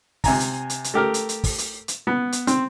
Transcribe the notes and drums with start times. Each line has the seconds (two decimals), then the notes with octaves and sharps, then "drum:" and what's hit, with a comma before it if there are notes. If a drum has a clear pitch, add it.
0.24 C3 G#5 A#5, drum: kick, open hi-hat
0.40 drum: hi-hat
0.70 drum: hi-hat
0.84 drum: hi-hat
0.94 A3 G4 A#4
1.14 drum: hi-hat
1.29 drum: hi-hat
1.44 drum: kick, open hi-hat
1.58 drum: hi-hat
1.88 drum: hi-hat
2.07 B3
2.32 drum: hi-hat
2.47 C4, drum: hi-hat